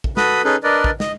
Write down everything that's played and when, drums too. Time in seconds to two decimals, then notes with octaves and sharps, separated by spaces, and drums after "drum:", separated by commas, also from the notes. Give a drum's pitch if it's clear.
0.04 drum: kick
0.17 F#4 A4 B4 B5 D#6, drum: snare
0.44 C#4 D#4 G#4 A4 B4
0.64 D4 A#4 B4 D5 D#5
0.84 drum: kick
1.00 D#5, drum: snare